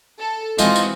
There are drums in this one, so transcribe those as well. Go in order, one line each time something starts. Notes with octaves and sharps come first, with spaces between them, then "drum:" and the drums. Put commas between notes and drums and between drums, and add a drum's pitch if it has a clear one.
A4
E3 G#3 C4 D#4 F4 F#4, drum: tambourine
drum: tambourine